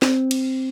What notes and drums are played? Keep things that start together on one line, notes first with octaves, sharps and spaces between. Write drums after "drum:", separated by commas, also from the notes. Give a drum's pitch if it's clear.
C4, drum: snare
drum: cymbal